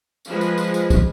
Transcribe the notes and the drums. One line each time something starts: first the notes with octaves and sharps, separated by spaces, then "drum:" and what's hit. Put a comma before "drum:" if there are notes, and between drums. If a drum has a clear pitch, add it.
F3 G#3 B4, drum: tambourine
drum: tambourine
drum: tambourine
drum: tambourine
drum: kick, tambourine